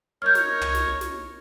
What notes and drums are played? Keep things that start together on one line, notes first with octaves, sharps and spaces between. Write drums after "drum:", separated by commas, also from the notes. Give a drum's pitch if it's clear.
D#4 A#4 C#5 F6 G6
drum: snare
drum: tom
drum: snare
drum: snare